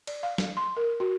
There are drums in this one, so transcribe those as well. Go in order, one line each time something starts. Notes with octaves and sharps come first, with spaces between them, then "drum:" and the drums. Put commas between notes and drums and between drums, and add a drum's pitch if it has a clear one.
D5, drum: cymbal
F5
drum: snare
C6
A#4
F#4